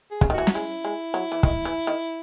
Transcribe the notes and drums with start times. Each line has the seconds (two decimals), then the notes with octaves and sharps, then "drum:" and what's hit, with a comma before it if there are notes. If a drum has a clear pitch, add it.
0.11 G#4
0.21 C#3, drum: kick
0.30 D#3
0.34 E3 F#4
0.47 F#3, drum: snare
0.55 G#3 E4
0.85 G#3
1.14 F#3
1.32 E3
1.43 D#3, drum: kick
1.65 E3
1.87 D#3